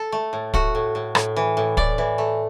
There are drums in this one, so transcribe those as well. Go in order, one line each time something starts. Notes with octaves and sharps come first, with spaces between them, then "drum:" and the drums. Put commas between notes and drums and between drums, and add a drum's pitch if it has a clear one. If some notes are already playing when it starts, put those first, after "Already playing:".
Already playing: A4
A3
A2
A3 F#4, drum: kick
A2
A2
A2, drum: rim click
E3
A2
A2 D5, drum: kick
E3
A3